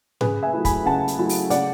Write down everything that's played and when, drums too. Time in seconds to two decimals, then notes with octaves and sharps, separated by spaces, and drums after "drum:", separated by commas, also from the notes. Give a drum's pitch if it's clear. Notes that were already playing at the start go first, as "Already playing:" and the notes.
0.21 C#3 G#4 B4, drum: tom G#2
0.43 E5 G#5
0.53 F#3 A3 E4
0.65 G#5 B5, drum: kick, hi-hat
0.85 C#3 F#5 A5
1.08 drum: hi-hat
1.19 F#3 A3 E4
1.29 drum: open hi-hat
1.50 C#3 D5 F#5, drum: hi-hat